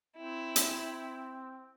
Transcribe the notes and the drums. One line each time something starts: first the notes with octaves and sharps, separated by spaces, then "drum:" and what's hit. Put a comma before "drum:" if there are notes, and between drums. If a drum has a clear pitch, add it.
C4 E4
drum: hi-hat